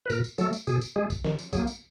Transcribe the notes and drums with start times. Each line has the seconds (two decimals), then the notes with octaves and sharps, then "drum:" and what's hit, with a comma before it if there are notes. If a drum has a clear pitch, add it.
0.06 B4
0.10 A#2 A#4, drum: tambourine
0.24 drum: tambourine
0.38 F#3 A3 A4, drum: tambourine
0.53 drum: tambourine
0.67 B2 G#4, drum: tambourine
0.81 drum: tambourine
0.96 G#3 G#4
1.10 drum: kick, tambourine
1.24 D#3, drum: snare
1.39 drum: tambourine
1.53 F#3 A#3 G#4, drum: kick, tambourine
1.67 drum: tambourine